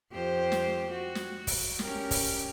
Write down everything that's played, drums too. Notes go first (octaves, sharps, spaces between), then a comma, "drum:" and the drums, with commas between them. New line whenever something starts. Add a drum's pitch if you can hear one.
F2 G4 C5
drum: snare
F#4
drum: snare
drum: kick, open hi-hat
C#4 G4 A#4, drum: snare
drum: kick, open hi-hat